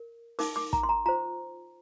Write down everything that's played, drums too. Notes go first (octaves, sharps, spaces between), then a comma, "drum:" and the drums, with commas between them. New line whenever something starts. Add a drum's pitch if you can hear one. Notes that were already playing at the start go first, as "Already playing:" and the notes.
Already playing: A#4
D#4 A#4 D6, drum: open hi-hat
D6
A#5, drum: kick
C6
A#5
F4 C5 A#5